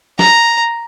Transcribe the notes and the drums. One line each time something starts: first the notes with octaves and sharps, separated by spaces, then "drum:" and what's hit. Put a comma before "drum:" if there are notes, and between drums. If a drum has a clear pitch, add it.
A#5, drum: snare